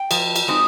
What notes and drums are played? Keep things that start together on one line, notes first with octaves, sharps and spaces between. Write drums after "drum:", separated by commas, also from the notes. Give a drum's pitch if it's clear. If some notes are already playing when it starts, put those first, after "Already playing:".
Already playing: G5
F3, drum: cymbal
drum: cymbal
G#3 C4 D#4